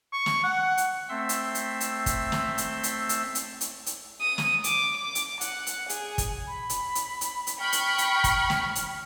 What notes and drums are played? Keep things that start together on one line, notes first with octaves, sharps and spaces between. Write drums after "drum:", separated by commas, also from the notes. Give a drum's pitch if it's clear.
C#6
drum: snare
F#5
drum: hi-hat
A3 C4 E5 C6 E6
drum: hi-hat
drum: hi-hat
drum: hi-hat
drum: kick, hi-hat
drum: snare
drum: hi-hat
drum: hi-hat
drum: hi-hat
drum: hi-hat
drum: hi-hat
drum: hi-hat
D#6
drum: snare
D6, drum: hi-hat
D6
drum: hi-hat
F#5, drum: hi-hat
drum: hi-hat
G#4, drum: hi-hat
drum: kick, hi-hat
B5
drum: hi-hat
drum: hi-hat
drum: hi-hat
drum: hi-hat
G5 B5 C#6 F6
drum: hi-hat
drum: hi-hat
drum: kick, hi-hat
drum: snare
drum: hi-hat